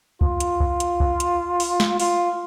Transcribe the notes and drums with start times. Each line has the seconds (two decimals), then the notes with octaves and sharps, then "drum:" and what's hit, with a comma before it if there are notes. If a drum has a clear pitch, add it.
0.21 F4, drum: kick C#2
0.40 drum: hi-hat
0.60 drum: kick C#2
0.80 drum: hi-hat
1.00 drum: kick C#2
1.20 drum: hi-hat
1.60 drum: open hi-hat
1.80 drum: snare
2.00 F4, drum: open hi-hat